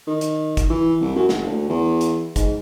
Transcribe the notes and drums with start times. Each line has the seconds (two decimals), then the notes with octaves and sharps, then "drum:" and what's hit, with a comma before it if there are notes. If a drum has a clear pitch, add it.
0.07 D#3
0.21 drum: hi-hat
0.57 drum: kick G1, hi-hat
0.70 E3
1.01 C2
1.16 F#2
1.29 F#1, drum: snare
1.47 D2
1.70 E2
2.01 drum: hi-hat
2.36 G#2, drum: kick G1, hi-hat